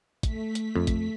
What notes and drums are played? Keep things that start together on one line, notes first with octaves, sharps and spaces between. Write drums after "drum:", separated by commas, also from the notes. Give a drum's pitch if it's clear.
A3 B6, drum: kick, hi-hat
drum: hi-hat
F2
drum: kick, hi-hat